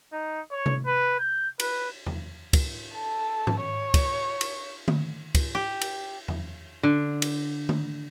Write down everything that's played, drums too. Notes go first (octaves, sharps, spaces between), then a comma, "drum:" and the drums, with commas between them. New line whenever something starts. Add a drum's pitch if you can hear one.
D#4
C#5
drum: tom C3
B4
G6
B4, drum: cymbal
drum: tom
drum: kick, cymbal
A4
drum: tom G#2
C#5
drum: kick, cymbal
drum: cymbal
drum: tom D3
drum: kick, cymbal
G4
drum: cymbal
drum: tom
D3
drum: cymbal
drum: tom D3